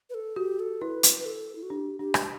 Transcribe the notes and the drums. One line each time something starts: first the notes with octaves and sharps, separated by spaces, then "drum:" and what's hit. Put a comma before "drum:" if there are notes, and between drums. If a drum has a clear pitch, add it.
B4
A4
F#4 G4
A4
E4 B4
drum: hi-hat
B4
A4
E4
F#4
D4 G4
D4 G4
drum: rim click